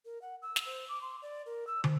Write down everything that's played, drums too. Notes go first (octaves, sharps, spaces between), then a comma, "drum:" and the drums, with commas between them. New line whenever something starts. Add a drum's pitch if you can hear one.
A#4
F#5
E6
drum: snare
C5
D6
C6
D5
A#4
E6
C5, drum: tom